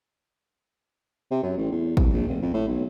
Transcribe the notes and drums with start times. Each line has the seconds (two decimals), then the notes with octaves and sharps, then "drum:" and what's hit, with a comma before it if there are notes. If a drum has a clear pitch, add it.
1.31 C3
1.43 F#2
1.57 A1
1.71 E2
1.97 C2, drum: kick A1
2.13 A#1
2.28 F1
2.42 F2
2.54 A2
2.67 B1